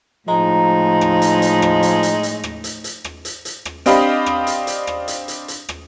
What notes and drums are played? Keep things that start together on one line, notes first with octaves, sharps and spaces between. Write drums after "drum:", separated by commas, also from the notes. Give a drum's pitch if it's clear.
A2 F3 G#3 D#4 A#5
drum: rim click
drum: hi-hat
drum: hi-hat
drum: rim click
drum: hi-hat
drum: hi-hat
drum: hi-hat
drum: rim click
drum: hi-hat
drum: hi-hat
drum: rim click
drum: hi-hat
drum: hi-hat
drum: rim click
C4 D4 G4 D#5 F5 B5, drum: hi-hat
drum: rim click
drum: hi-hat
drum: hi-hat
drum: rim click
drum: hi-hat
drum: hi-hat
drum: hi-hat
drum: rim click